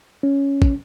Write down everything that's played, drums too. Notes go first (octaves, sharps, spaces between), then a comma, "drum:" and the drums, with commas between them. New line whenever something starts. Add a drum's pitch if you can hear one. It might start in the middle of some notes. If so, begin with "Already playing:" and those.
C#4
drum: kick